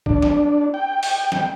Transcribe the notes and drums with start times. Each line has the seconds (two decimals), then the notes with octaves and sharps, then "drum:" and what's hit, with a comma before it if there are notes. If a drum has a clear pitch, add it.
0.06 D4, drum: kick
0.22 drum: snare
0.74 G5
1.03 drum: open hi-hat
1.32 drum: snare